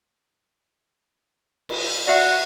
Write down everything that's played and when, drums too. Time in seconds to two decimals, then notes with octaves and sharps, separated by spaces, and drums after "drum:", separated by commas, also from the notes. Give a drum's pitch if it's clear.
1.69 drum: cymbal
2.07 F#4 D5 E5